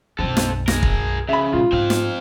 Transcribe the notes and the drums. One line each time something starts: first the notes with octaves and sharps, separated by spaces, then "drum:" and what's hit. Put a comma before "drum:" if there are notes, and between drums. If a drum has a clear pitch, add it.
B1 F#2 C4 A4
drum: snare
G#4 A#4, drum: snare
drum: kick
C#3 E5 B5
A#2 G#3 F4
G#2 C4 F5
drum: snare